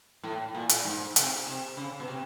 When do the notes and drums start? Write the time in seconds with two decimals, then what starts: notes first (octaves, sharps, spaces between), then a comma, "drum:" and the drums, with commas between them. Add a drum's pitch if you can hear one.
0.23 A2
0.55 A#2
0.69 drum: hi-hat
0.84 G#2
1.16 C3, drum: hi-hat
1.47 C3
1.77 C#3
2.00 B2
2.08 C3